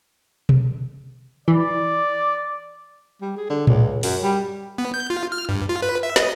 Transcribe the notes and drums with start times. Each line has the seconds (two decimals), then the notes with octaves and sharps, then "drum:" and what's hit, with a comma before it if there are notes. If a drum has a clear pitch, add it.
0.49 drum: tom B2
1.48 E3 D5
3.22 G3
3.37 G#4
3.50 D3
3.67 C#2, drum: tom A2
4.03 F#2, drum: open hi-hat
4.23 G3
4.78 B3
4.94 G6
5.10 F4
5.32 F6
5.49 G2
5.69 F4
5.82 B4
6.03 E5
6.16 D#5, drum: snare